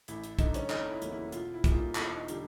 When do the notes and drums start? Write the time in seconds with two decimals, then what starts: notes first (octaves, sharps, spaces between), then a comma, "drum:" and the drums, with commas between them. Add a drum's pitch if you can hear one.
0.08 A1 E4, drum: hi-hat
0.24 drum: hi-hat
0.39 G2 D3 D#4, drum: kick, hi-hat
0.54 C#4, drum: hi-hat
0.70 F1 D#4, drum: clap
0.91 E4
1.02 E2 C#3 F#3 A#3, drum: hi-hat
1.12 E4
1.32 B2 F4, drum: hi-hat
1.54 E4
1.64 G3 A#3 D#4 G#4, drum: kick, hi-hat
1.74 F4
1.95 E1 E4, drum: clap
2.16 D#4
2.28 D3 G3, drum: hi-hat